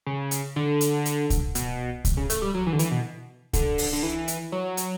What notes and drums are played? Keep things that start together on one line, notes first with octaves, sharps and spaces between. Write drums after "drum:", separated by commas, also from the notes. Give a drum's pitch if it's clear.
C#3
drum: hi-hat
D3
drum: hi-hat
drum: hi-hat
drum: kick C2, hi-hat
B2, drum: hi-hat
drum: kick C2, hi-hat
C#3
A3, drum: hi-hat
G3
F#3
E3
D3
E3, drum: hi-hat
B2
D3, drum: kick C2, hi-hat
drum: open hi-hat
D3
E3
drum: hi-hat
F#3
drum: hi-hat